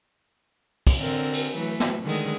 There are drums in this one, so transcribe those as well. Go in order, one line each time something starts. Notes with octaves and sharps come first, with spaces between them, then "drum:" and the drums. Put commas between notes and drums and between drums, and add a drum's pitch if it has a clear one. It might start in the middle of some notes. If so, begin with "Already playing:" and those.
drum: kick, cymbal
D3 C4 A#4
drum: cymbal
E3 F#3 A3
drum: snare
D3 D#3 G#3